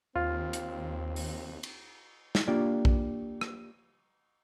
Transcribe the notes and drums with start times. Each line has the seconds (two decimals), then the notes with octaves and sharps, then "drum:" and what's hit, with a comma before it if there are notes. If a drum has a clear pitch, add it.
0.16 D#2 C4 F4
0.53 drum: hi-hat
1.16 drum: open hi-hat
1.63 drum: cymbal
2.35 drum: snare
2.48 A#3 D4 F4 G4 D5
2.85 drum: kick A#1
3.41 drum: rim click